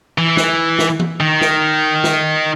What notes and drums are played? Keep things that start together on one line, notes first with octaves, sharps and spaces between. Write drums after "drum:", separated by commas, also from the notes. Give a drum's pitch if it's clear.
E3
drum: snare
drum: snare
drum: tom E3
D#3
drum: snare
drum: snare